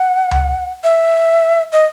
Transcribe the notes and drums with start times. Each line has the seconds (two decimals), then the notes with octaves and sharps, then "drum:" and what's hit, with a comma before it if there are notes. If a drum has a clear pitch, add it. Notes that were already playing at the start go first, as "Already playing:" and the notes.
Already playing: F#5
0.31 drum: tom C#2
0.84 E5
1.72 D#5